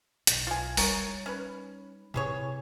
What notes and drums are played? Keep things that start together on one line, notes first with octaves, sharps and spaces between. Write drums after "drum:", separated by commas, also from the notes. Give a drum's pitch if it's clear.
B1, drum: hi-hat
F4 G#5
G3 D#4 A#4 C#5, drum: open hi-hat
C#4 B4
C3 E3 G#4 C#5